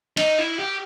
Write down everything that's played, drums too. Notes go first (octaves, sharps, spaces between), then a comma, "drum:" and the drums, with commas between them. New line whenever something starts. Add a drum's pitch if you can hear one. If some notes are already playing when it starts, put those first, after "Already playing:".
D#4, drum: cymbal
E4
G4